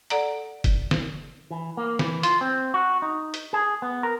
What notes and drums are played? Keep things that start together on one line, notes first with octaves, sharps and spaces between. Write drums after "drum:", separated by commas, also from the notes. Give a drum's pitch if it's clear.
A4 D5 F#5 A#5, drum: hi-hat
drum: kick F1, hi-hat
drum: snare
E3
A#3
E3, drum: snare
F4, drum: hi-hat
C4
F#4
D#4
drum: hi-hat
G#4
B3
A#4